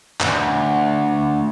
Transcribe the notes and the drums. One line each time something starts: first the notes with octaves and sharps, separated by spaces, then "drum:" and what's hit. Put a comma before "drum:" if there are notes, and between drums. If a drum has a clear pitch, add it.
D2 G2, drum: clap